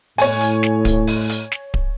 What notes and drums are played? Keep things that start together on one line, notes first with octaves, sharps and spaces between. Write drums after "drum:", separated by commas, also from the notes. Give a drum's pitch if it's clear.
A2 C#5 G#5, drum: open hi-hat
drum: hi-hat
drum: snare
drum: kick D1, hi-hat
drum: open hi-hat
drum: hi-hat
drum: snare
drum: kick D1